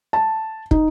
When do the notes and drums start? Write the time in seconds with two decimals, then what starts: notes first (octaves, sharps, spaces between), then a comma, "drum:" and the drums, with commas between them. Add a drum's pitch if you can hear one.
0.13 A5
0.71 D#4, drum: kick